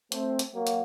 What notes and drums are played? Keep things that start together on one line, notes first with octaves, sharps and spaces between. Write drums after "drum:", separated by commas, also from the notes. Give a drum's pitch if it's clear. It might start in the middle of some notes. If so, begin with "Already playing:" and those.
A3 C4, drum: hi-hat
drum: hi-hat
F#3 A#3
drum: hi-hat